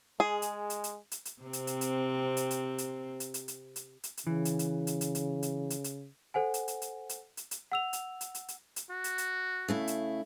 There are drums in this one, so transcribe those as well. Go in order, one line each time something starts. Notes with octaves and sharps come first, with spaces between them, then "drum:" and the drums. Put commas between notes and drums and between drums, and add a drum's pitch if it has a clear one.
G#3 G#4
drum: hi-hat
drum: hi-hat
drum: hi-hat
drum: hi-hat
drum: hi-hat
C3 C4
drum: hi-hat
drum: hi-hat
drum: hi-hat
drum: hi-hat
drum: hi-hat
drum: hi-hat
drum: hi-hat
drum: hi-hat
drum: hi-hat
drum: hi-hat
drum: hi-hat
drum: hi-hat
C#3 E3
drum: hi-hat
drum: hi-hat
drum: hi-hat
drum: hi-hat
drum: hi-hat
drum: hi-hat
drum: hi-hat
drum: hi-hat
A4 C5 F#5 G#5
drum: hi-hat
drum: hi-hat
drum: hi-hat
drum: hi-hat
drum: hi-hat
drum: hi-hat
F#5 E6 F7
drum: hi-hat
drum: hi-hat
drum: hi-hat
drum: hi-hat
drum: hi-hat
F#4
drum: hi-hat
drum: hi-hat
C#3 A3 E4
drum: hi-hat